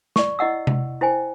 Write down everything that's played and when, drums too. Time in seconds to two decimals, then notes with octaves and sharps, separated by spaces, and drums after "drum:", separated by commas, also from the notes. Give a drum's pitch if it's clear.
0.16 D5 C#6, drum: snare
0.39 E4 D#5 F#5 E6
0.67 drum: tom C3
1.01 E4 C5 G5 G#5